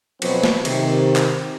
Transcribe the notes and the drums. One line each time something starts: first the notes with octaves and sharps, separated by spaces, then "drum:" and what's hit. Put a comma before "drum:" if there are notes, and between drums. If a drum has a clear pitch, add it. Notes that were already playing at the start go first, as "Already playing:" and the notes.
B2 F3 F#3 B3 C4, drum: cymbal
drum: snare
C3 D#3, drum: cymbal
drum: clap